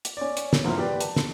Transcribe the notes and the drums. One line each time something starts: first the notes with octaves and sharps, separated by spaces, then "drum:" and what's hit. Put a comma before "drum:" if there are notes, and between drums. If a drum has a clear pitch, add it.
drum: hi-hat
C#4 C#5 D5
drum: hi-hat
drum: snare
D2 G2 C3 E3 F3 A#3
G4 B4 D5
A5, drum: hi-hat
drum: snare